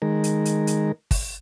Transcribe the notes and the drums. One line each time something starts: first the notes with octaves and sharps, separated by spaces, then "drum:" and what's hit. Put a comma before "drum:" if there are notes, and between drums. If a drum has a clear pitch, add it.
D#3 G#3 A#4
drum: hi-hat
drum: hi-hat
drum: hi-hat
drum: kick, open hi-hat